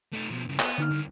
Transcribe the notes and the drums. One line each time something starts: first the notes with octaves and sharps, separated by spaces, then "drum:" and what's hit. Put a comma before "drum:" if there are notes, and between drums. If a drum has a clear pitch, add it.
A3 D#4
B2 F3
G2 C#3
B3, drum: clap
D3 D#4 F6
C2